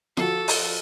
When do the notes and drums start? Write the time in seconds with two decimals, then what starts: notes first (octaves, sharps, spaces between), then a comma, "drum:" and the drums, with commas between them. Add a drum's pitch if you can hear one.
0.17 F3 F#4 A4, drum: snare F4
0.48 drum: open hi-hat